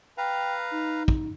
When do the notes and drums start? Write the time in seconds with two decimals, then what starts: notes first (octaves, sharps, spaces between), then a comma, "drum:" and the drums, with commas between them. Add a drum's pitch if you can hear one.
0.18 B4 F5 G5 A#5
0.71 D#4
1.08 drum: kick